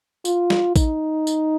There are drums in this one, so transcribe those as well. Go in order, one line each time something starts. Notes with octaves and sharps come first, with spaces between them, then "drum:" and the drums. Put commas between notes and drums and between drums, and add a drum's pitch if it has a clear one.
F4, drum: tambourine
drum: snare
D#4, drum: kick A1, tambourine
drum: tambourine